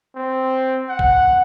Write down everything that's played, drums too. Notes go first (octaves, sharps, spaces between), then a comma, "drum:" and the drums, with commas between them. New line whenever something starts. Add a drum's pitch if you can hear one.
C4
F#5
drum: kick